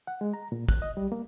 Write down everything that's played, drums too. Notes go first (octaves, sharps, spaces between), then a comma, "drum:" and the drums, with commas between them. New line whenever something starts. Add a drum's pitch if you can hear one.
F#5
G#3
A#5
A#2
F#6, drum: kick
D#5
G3
A#3